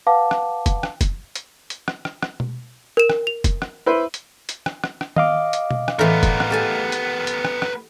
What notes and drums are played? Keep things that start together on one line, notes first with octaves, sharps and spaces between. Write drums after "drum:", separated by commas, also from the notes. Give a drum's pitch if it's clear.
B4 F5 F#5 A5 D6
drum: rim click
drum: kick F1, hi-hat
drum: rim click
drum: kick F1, hi-hat
drum: hi-hat
drum: hi-hat
drum: rim click
drum: rim click
drum: rim click
drum: tom B2
A#4 E7
drum: rim click
F7
drum: kick F1, hi-hat
drum: rim click
E4 B4 C5
drum: hi-hat
drum: hi-hat
drum: rim click
drum: rim click
drum: rim click
D#5 F5 D6, drum: tom D#3
drum: hi-hat
drum: tom B2
drum: rim click
A2 E3 B3 A#4 C6
drum: kick F1, hi-hat
drum: rim click
G4 A4 G#5
drum: hi-hat
drum: hi-hat
drum: rim click
drum: rim click